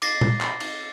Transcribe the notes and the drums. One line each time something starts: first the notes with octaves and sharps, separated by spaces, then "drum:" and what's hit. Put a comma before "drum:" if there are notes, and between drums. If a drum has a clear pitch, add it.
D6 A6 A#6 C7, drum: cymbal
drum: tom A#2
drum: clap
drum: cymbal